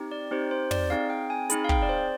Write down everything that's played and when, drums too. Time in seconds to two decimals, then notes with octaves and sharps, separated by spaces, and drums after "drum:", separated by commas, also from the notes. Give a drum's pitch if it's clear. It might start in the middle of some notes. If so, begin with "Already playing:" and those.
Already playing: C4 D#4 G4
0.11 D5
0.31 C4 D#4 G4 C5
0.51 C5
0.71 D5, drum: tom
0.90 C4 D#4 G#4 F5
1.10 G5
1.30 G#5
1.50 C4 D#4 G#4 B5, drum: hi-hat
1.64 F5
1.69 G5, drum: kick
1.82 D5
1.89 C5